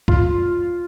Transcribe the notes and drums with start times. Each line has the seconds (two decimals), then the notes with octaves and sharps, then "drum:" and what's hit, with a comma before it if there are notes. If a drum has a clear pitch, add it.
0.08 F4, drum: kick